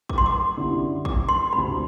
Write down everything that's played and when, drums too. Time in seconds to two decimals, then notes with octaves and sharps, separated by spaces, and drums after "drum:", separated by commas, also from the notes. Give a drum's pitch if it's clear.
0.09 D6, drum: kick
0.18 C6
0.26 D6
0.57 F#2 D3 G3 B3 E4
1.05 D6, drum: kick
1.29 C6
1.52 D2 C3 G3 B5